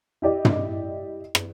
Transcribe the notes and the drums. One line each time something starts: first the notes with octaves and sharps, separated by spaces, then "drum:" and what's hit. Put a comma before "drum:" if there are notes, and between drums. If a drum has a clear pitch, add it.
E4 G4 D5 D#5
drum: tom
drum: rim click